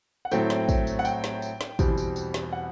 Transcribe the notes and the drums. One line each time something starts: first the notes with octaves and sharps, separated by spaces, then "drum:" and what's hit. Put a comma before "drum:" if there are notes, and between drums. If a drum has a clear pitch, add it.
F#5
A2 F#3 A3 C4 G5, drum: tambourine
drum: snare
drum: kick, tambourine
drum: tambourine
F#5
G5, drum: tambourine
drum: snare
drum: tambourine
drum: snare
E2 B2 G3 C4, drum: kick, tambourine
drum: tambourine
drum: tambourine
drum: snare
F#5